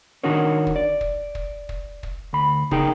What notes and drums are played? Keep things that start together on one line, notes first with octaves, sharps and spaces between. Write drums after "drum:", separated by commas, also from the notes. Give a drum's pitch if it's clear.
D#3 D4 D#4 F#4 A#4 C#5
drum: kick
D5
drum: kick
drum: kick
drum: kick
drum: kick
D2 B5
C#3 D#4 G#4 A#4 G5, drum: kick